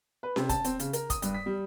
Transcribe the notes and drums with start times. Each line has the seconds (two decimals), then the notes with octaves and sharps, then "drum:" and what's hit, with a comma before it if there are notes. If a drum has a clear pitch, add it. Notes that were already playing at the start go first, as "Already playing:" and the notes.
0.23 B4
0.36 C3, drum: snare C#4
0.49 A5, drum: kick, hi-hat
0.64 C4, drum: hi-hat
0.79 C#3, drum: hi-hat
0.93 A#4, drum: hi-hat
1.10 D#6, drum: kick, hi-hat
1.22 G2, drum: hi-hat
1.34 B6
1.46 G3